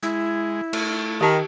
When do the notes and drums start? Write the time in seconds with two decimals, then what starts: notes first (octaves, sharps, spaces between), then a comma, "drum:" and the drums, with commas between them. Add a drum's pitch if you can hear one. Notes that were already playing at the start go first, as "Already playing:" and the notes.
0.03 G#3 E4
0.73 A3, drum: cymbal
1.21 D#3 G4 A5